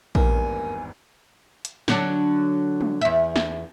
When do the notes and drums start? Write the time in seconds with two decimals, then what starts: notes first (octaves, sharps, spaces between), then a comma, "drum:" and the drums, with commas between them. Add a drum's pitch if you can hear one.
0.15 G#1 E2 G2 A#3 G#5, drum: kick A#1
1.65 drum: hi-hat
1.88 D3 F#3 D4, drum: snare
2.81 drum: tom
3.01 E2 E5
3.36 drum: snare